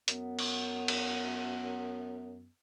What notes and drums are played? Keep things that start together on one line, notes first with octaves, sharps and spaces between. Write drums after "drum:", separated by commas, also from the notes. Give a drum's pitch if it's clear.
F#2 B3, drum: hi-hat
drum: cymbal
drum: cymbal